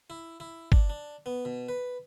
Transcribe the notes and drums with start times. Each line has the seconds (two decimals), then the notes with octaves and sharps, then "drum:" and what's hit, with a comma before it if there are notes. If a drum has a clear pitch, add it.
0.10 E4
0.40 E4
0.72 D4, drum: kick
0.90 D4
1.26 B3
1.45 B2
1.69 B4